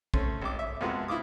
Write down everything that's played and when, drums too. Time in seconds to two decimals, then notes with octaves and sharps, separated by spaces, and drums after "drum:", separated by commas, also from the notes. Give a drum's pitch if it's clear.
0.14 A3 C4 C#4, drum: kick
0.42 G#1 D6
0.59 E5
0.81 F2 C3 F3 G#3 B3 F#4
1.08 E4 F4 D6 D#6